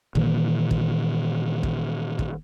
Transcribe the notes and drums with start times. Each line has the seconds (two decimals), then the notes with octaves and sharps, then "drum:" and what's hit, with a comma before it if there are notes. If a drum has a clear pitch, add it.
0.15 A#2 D#3 E3 A#3, drum: kick
0.71 drum: kick
1.63 drum: kick
2.19 drum: kick